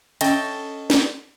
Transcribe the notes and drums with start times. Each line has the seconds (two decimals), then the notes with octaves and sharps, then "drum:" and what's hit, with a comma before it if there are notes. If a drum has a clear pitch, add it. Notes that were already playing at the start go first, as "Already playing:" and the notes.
0.21 C#4 A4 D#5 G5, drum: cymbal
0.90 drum: snare